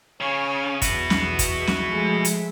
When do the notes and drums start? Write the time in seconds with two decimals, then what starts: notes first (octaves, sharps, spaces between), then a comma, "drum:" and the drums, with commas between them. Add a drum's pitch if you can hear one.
0.20 C#3 C#5 G#5 F6
0.82 B1 E2 F#4 B4 E5, drum: kick, hi-hat
1.10 drum: snare
1.39 drum: kick, hi-hat
1.67 drum: snare
1.88 F3 G#3 A3
2.25 drum: hi-hat